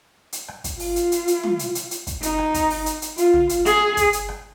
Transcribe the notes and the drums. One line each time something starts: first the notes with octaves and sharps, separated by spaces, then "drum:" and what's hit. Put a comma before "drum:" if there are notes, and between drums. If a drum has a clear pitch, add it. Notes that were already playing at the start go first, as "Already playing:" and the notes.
drum: hi-hat
drum: rim click
drum: kick, hi-hat
F4, drum: open hi-hat
drum: hi-hat
drum: hi-hat
drum: hi-hat
drum: tom
drum: hi-hat
drum: hi-hat
drum: hi-hat
drum: kick, hi-hat
D#4, drum: hi-hat
drum: rim click
drum: kick, hi-hat
drum: open hi-hat
drum: hi-hat
drum: hi-hat
F4, drum: hi-hat
drum: tom
drum: hi-hat
G#4, drum: hi-hat
drum: kick, hi-hat
drum: hi-hat
drum: rim click